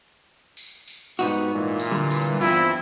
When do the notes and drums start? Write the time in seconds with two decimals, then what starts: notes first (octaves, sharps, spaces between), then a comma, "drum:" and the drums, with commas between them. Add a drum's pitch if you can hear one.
0.57 drum: tambourine
0.88 drum: tambourine
1.19 G#2 G3 B3 D#4 F#4, drum: tambourine
1.52 A#2 E3
1.80 drum: tambourine
1.91 D3 G3
2.10 drum: tambourine
2.41 E2 G2 C4 E4 F4, drum: tambourine